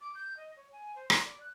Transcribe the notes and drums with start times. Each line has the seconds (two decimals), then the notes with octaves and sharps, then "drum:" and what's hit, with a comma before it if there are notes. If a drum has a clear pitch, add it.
0.01 D6
0.15 G6
0.37 D#5
0.57 C#5
0.72 G#5
0.96 C5
1.10 G#6, drum: rim click
1.25 D5
1.40 F#6